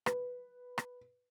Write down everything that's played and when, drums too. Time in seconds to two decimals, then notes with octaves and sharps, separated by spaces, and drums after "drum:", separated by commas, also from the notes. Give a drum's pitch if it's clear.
0.06 B4, drum: rim click
0.78 drum: rim click